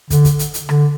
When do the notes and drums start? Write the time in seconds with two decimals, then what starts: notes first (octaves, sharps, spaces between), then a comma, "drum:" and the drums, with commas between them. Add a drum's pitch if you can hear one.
0.10 D3, drum: kick, hi-hat
0.25 drum: kick, hi-hat
0.39 drum: hi-hat
0.54 drum: hi-hat
0.69 D3, drum: rim click